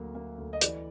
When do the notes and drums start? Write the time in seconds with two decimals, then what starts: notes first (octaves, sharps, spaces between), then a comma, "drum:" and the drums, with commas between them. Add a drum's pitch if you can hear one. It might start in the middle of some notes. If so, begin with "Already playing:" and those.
Already playing: D2 F#3 A#3
0.15 A#3
0.38 D2
0.53 D#5
0.61 E3 D5, drum: hi-hat